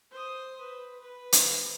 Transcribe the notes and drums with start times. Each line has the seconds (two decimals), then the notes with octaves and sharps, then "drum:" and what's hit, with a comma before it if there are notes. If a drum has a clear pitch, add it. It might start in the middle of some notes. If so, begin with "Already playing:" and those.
0.11 C5 D#6
0.61 B4
1.00 B4
1.32 drum: hi-hat